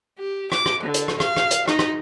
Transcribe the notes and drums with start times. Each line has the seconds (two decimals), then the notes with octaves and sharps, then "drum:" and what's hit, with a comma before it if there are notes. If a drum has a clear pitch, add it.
0.19 G4
0.52 D6, drum: rim click
0.66 drum: rim click
0.83 D3
0.94 drum: hi-hat
1.08 drum: rim click
1.20 F5, drum: rim click
1.37 drum: rim click
1.51 drum: hi-hat
1.68 D#4, drum: rim click
1.79 drum: rim click